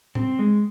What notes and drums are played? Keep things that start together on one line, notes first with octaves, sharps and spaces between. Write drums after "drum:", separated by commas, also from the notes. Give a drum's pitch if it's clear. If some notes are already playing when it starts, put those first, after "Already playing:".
C4, drum: tom A2
G#3